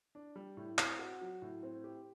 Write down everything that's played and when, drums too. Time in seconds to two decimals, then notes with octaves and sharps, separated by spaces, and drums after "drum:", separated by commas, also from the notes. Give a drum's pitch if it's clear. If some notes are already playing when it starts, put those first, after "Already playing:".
0.15 D4
0.36 G3
0.57 A2
0.78 C4, drum: clap
0.99 F#4
1.21 F#3
1.42 A2
1.63 C4
1.84 G4